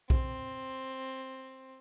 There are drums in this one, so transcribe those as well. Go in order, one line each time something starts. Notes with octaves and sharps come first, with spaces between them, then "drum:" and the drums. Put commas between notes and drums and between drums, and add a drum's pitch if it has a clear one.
C4, drum: kick B1